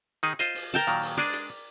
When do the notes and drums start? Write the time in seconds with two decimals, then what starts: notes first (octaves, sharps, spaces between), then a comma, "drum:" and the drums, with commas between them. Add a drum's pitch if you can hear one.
0.23 D#3 D#4 G#4
0.39 F4 C5 D#5, drum: hi-hat
0.55 drum: open hi-hat
0.74 A#4 G5 A5
0.87 A#2 D#3 F#3, drum: hi-hat
1.02 drum: open hi-hat
1.18 G#3 D4 G#4 D5
1.33 drum: hi-hat